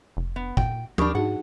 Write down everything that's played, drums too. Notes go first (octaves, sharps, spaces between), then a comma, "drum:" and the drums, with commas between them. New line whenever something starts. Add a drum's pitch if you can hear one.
F1
B3
A#2 F#5 G5, drum: kick
D#2 D4 G4 A#4 B5 C#6 D#6, drum: tom
G#2 D#4 F#4 G#4 F#5